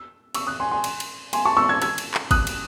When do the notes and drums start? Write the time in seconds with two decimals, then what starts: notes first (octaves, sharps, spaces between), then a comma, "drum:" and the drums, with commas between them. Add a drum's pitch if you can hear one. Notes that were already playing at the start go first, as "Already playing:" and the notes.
Already playing: E6
0.35 C#6 E6, drum: cymbal
0.47 D#6 F#6
0.60 G#5 C6
0.71 G#5 C6
0.84 drum: cymbal
1.00 drum: cymbal
1.33 G#5 C6, drum: cymbal
1.45 A5 C#6
1.57 C#6 E6
1.69 E6 G#6
1.82 E6 G#6, drum: cymbal
1.98 drum: cymbal
2.14 drum: clap
2.31 D#6 F#6, drum: kick, cymbal
2.47 drum: cymbal